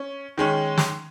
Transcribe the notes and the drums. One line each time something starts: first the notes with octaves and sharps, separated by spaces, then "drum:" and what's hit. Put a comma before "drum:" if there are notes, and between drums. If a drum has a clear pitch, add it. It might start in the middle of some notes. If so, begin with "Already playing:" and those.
Already playing: C#4
D#3 G#3 C#4
drum: snare